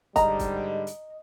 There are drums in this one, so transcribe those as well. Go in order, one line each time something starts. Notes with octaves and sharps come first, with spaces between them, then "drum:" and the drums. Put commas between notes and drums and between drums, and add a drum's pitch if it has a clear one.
G#2 D3 G3 D#5 A#5, drum: kick, hi-hat
drum: kick, hi-hat
drum: hi-hat